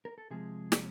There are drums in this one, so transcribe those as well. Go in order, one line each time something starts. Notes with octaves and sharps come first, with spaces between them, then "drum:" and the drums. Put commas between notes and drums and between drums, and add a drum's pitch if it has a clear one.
A#4
A4
C3 F3 G#3 G#4
drum: snare